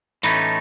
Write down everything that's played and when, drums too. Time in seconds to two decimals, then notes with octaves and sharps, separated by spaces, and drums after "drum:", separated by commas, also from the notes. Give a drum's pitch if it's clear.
0.23 A2 E3 A3 C#4 D#4, drum: hi-hat